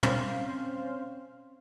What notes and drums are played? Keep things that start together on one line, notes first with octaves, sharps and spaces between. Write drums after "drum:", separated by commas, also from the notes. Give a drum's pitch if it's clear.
C4 C#4 C5 F5, drum: tom